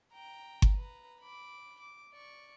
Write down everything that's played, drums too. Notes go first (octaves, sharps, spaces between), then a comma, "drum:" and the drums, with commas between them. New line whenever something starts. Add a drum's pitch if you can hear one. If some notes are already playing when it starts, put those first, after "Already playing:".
G5 A#5
drum: kick G1
B4 A#5
B5 D6
D6
D5 C#6